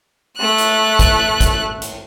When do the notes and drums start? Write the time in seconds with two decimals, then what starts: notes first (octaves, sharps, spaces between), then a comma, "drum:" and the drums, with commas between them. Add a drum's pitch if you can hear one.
0.38 A3 F#6
0.58 drum: hi-hat
0.99 drum: kick, hi-hat
1.41 drum: kick, hi-hat
1.82 drum: hi-hat